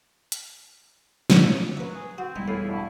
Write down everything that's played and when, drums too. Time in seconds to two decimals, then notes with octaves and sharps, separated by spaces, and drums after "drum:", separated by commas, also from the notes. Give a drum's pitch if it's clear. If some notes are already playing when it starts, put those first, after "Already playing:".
0.32 drum: hi-hat
1.30 drum: snare
1.77 F#3 B4 E5
1.94 G#4
2.18 C4 F#4
2.36 E1 G3 B3 D#4 E4
2.48 A2 E3 F4 G#4
2.69 G2 B2 E4